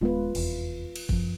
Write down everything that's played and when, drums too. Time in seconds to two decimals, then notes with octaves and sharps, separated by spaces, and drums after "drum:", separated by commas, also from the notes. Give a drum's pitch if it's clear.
0.01 D#1 G#3 B3 F4 B4
0.35 F1 E2, drum: cymbal
0.96 drum: cymbal
1.09 F#2 F3, drum: kick